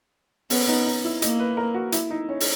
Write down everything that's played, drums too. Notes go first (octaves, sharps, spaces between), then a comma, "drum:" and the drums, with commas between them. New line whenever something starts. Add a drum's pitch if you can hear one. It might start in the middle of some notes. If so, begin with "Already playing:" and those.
B3 C#4, drum: open hi-hat
D#4
D#4
E4
A#3 D#5, drum: hi-hat
B4
A#4
F#4
E4, drum: hi-hat
D#4
C#4
drum: open hi-hat